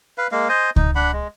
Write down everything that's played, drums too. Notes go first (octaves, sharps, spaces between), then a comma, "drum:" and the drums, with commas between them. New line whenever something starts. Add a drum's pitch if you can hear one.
B4 F5
G#3 A#3 F5
C5 D#5 G#5
D#4, drum: kick C#2
D4 F#5 B5
G#3